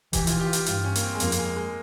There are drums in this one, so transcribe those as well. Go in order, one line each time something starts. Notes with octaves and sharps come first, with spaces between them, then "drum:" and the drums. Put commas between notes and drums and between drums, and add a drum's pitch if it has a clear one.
E3 G4, drum: kick D#1, hi-hat
F4, drum: hi-hat
G4
F4
G4, drum: hi-hat
G2 F4, drum: hi-hat
C#4
A#3, drum: hi-hat
C4
G#3
F2 A#3, drum: hi-hat
A#3, drum: hi-hat
G#3
G#3